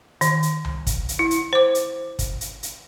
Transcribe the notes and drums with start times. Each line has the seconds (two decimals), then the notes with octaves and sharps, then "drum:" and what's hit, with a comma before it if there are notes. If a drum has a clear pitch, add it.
0.21 D#3, drum: hi-hat
0.43 drum: hi-hat
0.65 drum: tom C2
0.87 drum: kick, hi-hat
1.09 drum: hi-hat
1.19 E4
1.31 drum: hi-hat
1.53 C5 D6
1.75 drum: hi-hat
2.19 drum: kick, hi-hat
2.41 drum: hi-hat
2.63 drum: hi-hat